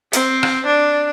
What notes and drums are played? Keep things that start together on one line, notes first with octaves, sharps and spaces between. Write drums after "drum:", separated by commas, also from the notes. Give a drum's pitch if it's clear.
C4, drum: hi-hat
drum: rim click
D4